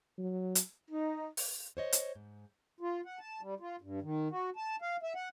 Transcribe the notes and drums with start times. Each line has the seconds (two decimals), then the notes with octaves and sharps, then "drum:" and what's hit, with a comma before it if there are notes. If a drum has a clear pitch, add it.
0.18 F#3
0.55 drum: hi-hat
0.90 D#4
1.37 drum: open hi-hat
1.77 C5 C#5 D#5
1.93 drum: hi-hat
2.15 G#2
2.81 F4
3.05 F#5
3.19 A5
3.41 G3
3.60 F4
3.81 G2
4.02 D#3
4.31 F#4
4.56 A5
4.82 F5
5.03 E5
5.15 F#5